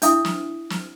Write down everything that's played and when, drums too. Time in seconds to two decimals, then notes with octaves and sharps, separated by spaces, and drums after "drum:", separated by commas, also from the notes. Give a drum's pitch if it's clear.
0.02 D4 E4 E5 D#6, drum: hi-hat
0.25 drum: snare
0.70 drum: snare